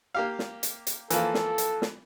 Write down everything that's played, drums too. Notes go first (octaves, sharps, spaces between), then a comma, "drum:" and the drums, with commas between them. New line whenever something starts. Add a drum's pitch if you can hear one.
A#3 G4 F5
drum: snare
drum: hi-hat
drum: hi-hat
E3 F3 A#3 A4, drum: hi-hat
drum: snare
drum: hi-hat
drum: snare